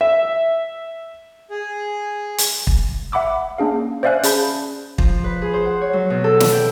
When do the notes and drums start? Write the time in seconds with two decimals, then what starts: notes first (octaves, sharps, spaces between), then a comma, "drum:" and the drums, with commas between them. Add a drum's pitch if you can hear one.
0.01 E5
1.49 G#4
2.38 drum: hi-hat
2.67 drum: kick
3.12 E5 F#5 B5 D6 E6
3.58 A#3 C#4 D4 G#4 F5
4.03 C5 D5 E5 F5 G#5 F#6
4.23 C#4 G#4 A5 B5 G6, drum: hi-hat
4.98 F3, drum: kick
5.24 B4
5.42 G#4
5.53 C5
5.65 F#5
5.81 C#5
5.93 F#3
6.10 B2
6.24 A4
6.40 E4, drum: snare
6.52 G5